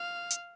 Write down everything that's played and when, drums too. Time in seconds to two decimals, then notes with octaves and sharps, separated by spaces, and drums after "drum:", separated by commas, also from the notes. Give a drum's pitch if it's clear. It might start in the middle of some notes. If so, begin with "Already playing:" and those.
Already playing: F5
0.30 drum: hi-hat